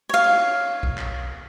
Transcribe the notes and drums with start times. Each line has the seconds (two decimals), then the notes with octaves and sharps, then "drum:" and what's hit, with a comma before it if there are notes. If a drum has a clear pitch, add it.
0.09 C#5 F5
0.24 drum: cymbal
0.83 drum: kick A#1
0.97 drum: clap